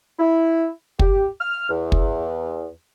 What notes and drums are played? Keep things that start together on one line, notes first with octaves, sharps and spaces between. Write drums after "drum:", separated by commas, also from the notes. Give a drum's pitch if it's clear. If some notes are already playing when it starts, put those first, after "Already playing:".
E4
G4, drum: kick
F6
E2
drum: kick